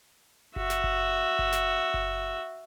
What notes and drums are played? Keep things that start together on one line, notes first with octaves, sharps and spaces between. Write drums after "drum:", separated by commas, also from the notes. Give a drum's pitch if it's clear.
F#4 E5, drum: kick F#1
drum: snare
drum: kick F#1
drum: kick F#1
drum: snare
drum: kick F#1